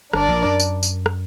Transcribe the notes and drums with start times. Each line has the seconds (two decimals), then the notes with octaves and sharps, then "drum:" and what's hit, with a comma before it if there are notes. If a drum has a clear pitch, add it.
0.13 G1 G2 D4 A#4 D5, drum: rim click
0.29 A#1 A#2
0.44 F#2
0.60 drum: tambourine
0.83 drum: tambourine
1.06 drum: rim click